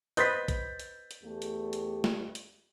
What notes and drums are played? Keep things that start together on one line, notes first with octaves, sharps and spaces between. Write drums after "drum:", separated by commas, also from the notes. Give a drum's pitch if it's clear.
B4 C5 D#5 G6 A6 B6, drum: hi-hat
drum: kick A#1, hi-hat
drum: hi-hat
drum: hi-hat
E2 A3 G4
drum: hi-hat
drum: hi-hat
drum: snare
drum: hi-hat